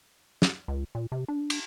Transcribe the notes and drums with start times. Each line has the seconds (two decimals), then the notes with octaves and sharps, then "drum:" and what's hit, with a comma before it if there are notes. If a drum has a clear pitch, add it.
0.42 drum: snare
0.68 C#2
0.95 A#2
1.12 C3
1.28 D4
1.50 drum: cymbal